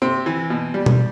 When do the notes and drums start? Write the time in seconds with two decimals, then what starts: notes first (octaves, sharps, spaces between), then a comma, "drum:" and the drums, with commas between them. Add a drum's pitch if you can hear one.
0.02 C3 C4
0.26 E3
0.50 B2
0.74 G3
0.86 drum: tom B2